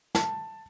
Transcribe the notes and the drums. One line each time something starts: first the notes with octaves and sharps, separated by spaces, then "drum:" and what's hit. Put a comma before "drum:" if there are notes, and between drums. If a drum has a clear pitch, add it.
A5, drum: snare